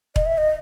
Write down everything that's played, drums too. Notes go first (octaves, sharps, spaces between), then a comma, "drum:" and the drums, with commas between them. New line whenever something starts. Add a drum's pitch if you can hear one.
D#5, drum: kick E1
E5
D#5